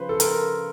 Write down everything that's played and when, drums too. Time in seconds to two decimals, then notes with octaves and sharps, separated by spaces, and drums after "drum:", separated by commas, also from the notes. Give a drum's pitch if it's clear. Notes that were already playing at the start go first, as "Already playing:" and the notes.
Already playing: C#3 F3 B4 C5
0.09 A4
0.20 A#4, drum: hi-hat